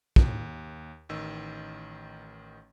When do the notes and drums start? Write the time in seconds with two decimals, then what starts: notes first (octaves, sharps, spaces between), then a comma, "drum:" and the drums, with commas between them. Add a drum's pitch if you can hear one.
0.16 D#2, drum: kick
1.09 A1 D#3 E6